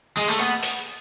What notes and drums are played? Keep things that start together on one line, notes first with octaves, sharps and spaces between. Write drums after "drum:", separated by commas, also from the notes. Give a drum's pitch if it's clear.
G#3
A3
B3
drum: open hi-hat